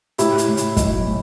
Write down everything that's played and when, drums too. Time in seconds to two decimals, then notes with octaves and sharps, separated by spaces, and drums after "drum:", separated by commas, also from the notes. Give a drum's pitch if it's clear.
0.18 A2 E4 G4, drum: hi-hat
0.38 drum: hi-hat
0.48 A2
0.57 drum: hi-hat
0.77 B1, drum: kick, hi-hat
1.05 A2